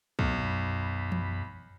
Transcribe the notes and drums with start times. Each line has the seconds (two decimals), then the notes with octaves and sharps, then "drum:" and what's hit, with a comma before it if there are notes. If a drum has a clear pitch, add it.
0.19 B1 A3, drum: kick
0.43 F#2 B5
1.12 drum: tom E3